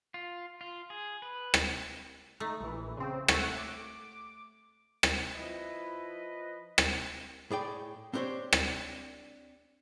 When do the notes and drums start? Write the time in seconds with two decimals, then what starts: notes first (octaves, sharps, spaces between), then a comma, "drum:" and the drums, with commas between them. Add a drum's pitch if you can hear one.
0.14 F4
0.61 F4
0.90 G#4
1.22 B4
1.54 drum: rim click
2.40 A3 D#4
2.61 A#1 E3
2.97 C#3 C4
3.28 A3 C#5 F#5, drum: rim click
3.58 D6
5.03 drum: rim click
5.35 F3 E4 B4 D#5
6.78 drum: rim click
7.51 A2 G#4 D5 G5
8.13 C4 D4 G4 C5 C#5
8.53 drum: rim click